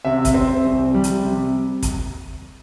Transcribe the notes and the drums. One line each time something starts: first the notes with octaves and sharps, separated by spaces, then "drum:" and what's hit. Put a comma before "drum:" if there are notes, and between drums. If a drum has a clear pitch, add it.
C3 E5
drum: kick, hi-hat
C4
C2
G3
drum: hi-hat
C3
drum: kick, hi-hat